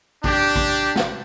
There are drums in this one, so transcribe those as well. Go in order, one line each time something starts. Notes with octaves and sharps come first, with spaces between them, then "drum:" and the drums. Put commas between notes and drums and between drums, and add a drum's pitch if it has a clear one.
D4 G4, drum: kick A1
drum: kick A1
drum: snare